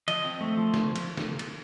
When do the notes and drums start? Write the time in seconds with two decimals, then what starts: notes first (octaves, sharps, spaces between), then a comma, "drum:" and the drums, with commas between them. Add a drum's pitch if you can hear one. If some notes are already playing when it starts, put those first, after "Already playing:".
0.08 F3 D#5, drum: cymbal
0.24 C4
0.41 A3
0.57 F3
0.74 drum: snare
0.96 drum: cymbal
1.17 drum: snare
1.39 drum: cymbal